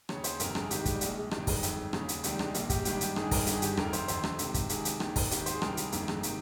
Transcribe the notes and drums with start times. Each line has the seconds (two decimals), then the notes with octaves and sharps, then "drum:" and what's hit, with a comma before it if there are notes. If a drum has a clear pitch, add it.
0.09 D#2 C#3 C#5, drum: rim click
0.24 C5, drum: hi-hat
0.40 G1 F2 C3 D#3 A#4, drum: hi-hat
0.55 G#4, drum: rim click
0.71 G#1 G2 D#3 G4, drum: hi-hat
0.85 G#3, drum: kick, hi-hat
0.95 G3
1.01 A#1 A#2 G#3, drum: hi-hat
1.17 G#3
1.31 G#1 G2 D#3 G3, drum: rim click
1.47 G#3, drum: kick, open hi-hat
1.63 G1 F2 D#3, drum: hi-hat
1.93 D#2 C#3, drum: rim click
2.09 drum: hi-hat
2.24 C#2 C3 D#3 G3, drum: hi-hat
2.39 G#3, drum: rim click
2.54 A#1 A#2 A#3, drum: hi-hat
2.70 G4, drum: kick, hi-hat
2.85 G#1 G2 D#3 G4, drum: hi-hat
3.01 drum: hi-hat
3.16 G#1 G2 D#3 G#4, drum: rim click
3.31 A#4, drum: kick, open hi-hat
3.47 G1 G2 D#3 G#4, drum: hi-hat
3.62 G4, drum: hi-hat
3.77 F1 F2 D#3 A#4, drum: rim click
3.93 C5, drum: hi-hat
4.08 F1 F2 D#3 C5, drum: hi-hat
4.24 drum: rim click
4.39 C#2 C3 D#3, drum: hi-hat
4.54 drum: kick, hi-hat
4.69 C#2 C3 D#3 G#4, drum: hi-hat
4.85 drum: hi-hat
5.00 D#2 D#3, drum: rim click
5.16 drum: kick, open hi-hat
5.31 G#1 G#2 D#3 G4, drum: hi-hat
5.46 C5, drum: hi-hat
5.54 G#4
5.62 C2 C3 D#3 A#4, drum: rim click
5.77 G#4, drum: hi-hat
5.92 G1 F2 D#3 A#3, drum: hi-hat
6.08 G#3, drum: rim click
6.23 C3 D#3, drum: hi-hat